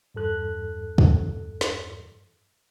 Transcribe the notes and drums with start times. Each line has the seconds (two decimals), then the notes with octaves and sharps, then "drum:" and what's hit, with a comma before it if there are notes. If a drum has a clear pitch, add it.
0.14 E2 G2 A4 F#6
0.98 drum: kick
1.61 drum: snare